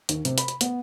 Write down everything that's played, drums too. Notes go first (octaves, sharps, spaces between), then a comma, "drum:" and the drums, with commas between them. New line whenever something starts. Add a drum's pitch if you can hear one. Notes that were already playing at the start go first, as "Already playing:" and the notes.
D#2, drum: hi-hat
C3, drum: hi-hat
B5, drum: hi-hat
drum: hi-hat
B3, drum: hi-hat